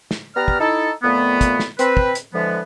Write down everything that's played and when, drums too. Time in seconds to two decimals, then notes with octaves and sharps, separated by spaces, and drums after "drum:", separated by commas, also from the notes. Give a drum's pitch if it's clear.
0.11 drum: snare
0.36 B3 G4 B4 D5 A#5 F6
0.48 drum: kick
0.60 D#4 E4 A4
1.03 F2 A#2 A3 B3
1.41 drum: kick, hi-hat
1.60 drum: snare
1.79 C4 B4, drum: hi-hat
1.97 drum: kick
2.15 drum: hi-hat
2.34 D3 E3 F3 G#3 B3